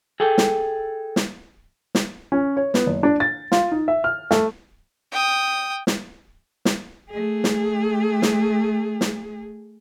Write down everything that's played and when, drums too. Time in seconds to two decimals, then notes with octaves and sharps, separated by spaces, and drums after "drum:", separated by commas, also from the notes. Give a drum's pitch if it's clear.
0.20 G#4 A4 G5
0.38 drum: snare
1.16 drum: snare
1.95 drum: snare
2.32 C#4
2.57 C#5
2.74 B3, drum: snare
2.87 F#1
3.03 D4
3.20 A6
3.52 F4, drum: snare
3.72 D#4
3.88 E5
4.04 F6
4.31 A3, drum: snare
5.12 G5 D#6
5.87 drum: snare
6.65 drum: snare
7.10 A3 G#4
7.44 drum: snare
8.22 drum: snare
9.01 drum: snare